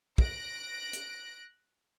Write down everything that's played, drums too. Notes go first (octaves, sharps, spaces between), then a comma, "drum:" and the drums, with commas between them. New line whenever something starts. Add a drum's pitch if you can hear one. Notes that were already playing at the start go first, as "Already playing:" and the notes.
F#6 A#6 D7, drum: kick
drum: hi-hat